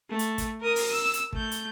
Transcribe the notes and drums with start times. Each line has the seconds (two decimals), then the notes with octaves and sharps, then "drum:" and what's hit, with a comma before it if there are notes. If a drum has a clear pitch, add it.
0.10 A3
0.19 drum: hi-hat
0.38 drum: kick, hi-hat
0.61 A#4 D#6
0.76 drum: open hi-hat
0.93 E6
1.14 drum: hi-hat
1.33 A3 G6, drum: kick
1.51 drum: hi-hat